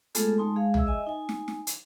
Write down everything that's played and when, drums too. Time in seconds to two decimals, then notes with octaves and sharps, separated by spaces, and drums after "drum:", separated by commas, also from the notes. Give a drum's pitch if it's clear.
0.15 G#3 A3 B3 F4 G#4 A4, drum: hi-hat
0.38 G#3 D#4 A5 C6
0.56 G#3 G#4 F5
0.74 G#4 E5 E6, drum: tom B1
0.86 D#5 E5 G#5
1.07 D#4 G#5
1.29 drum: snare
1.48 drum: snare
1.67 drum: hi-hat